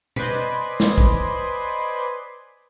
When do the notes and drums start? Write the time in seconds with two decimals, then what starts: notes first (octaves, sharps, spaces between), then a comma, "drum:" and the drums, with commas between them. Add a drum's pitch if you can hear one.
0.16 B4 C5 D5 D#5 G#5 C6, drum: tom B2
0.80 drum: snare
0.98 drum: kick